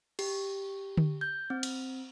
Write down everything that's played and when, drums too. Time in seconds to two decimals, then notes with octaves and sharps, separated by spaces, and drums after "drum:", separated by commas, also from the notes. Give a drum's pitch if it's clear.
0.19 G4, drum: cymbal
0.97 drum: tom D3
1.21 G6
1.50 C4
1.63 drum: cymbal